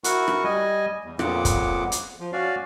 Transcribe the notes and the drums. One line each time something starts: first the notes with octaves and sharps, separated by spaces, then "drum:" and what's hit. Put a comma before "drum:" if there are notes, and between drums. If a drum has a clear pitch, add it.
E4 F#4 A#4 F#5 C#6, drum: hi-hat
drum: rim click
G3 D#5 G#5
E2
F2 A#2 C#3 B3 F#5 D6, drum: rim click
drum: kick, hi-hat
drum: hi-hat
F3
C#4 F#4 D5 F5